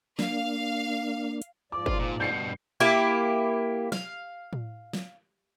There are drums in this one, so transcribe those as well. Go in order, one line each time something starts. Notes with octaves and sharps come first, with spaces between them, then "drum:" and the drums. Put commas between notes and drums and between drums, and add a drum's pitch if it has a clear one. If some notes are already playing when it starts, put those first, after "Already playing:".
A#3 D4 F5, drum: snare
drum: hi-hat
G#2 F3 D5 D6
F4, drum: kick F#1
A#2
G2 B2 G6 C7 C#7
A#3 E4 G4
F5, drum: snare
drum: tom A2
drum: snare